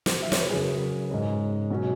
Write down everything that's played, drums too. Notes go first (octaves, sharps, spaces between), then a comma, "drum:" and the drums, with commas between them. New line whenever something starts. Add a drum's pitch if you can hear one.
drum: snare
E5
C#5, drum: snare
B4
F#2 C#3 F#3 G#4
G#2 G#3 C#4
B2 F#3 C#4